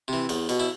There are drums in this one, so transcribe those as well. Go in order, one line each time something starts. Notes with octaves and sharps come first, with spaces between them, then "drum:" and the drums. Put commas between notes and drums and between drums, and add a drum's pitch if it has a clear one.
C3 E3
E2, drum: cymbal
B2, drum: cymbal
E4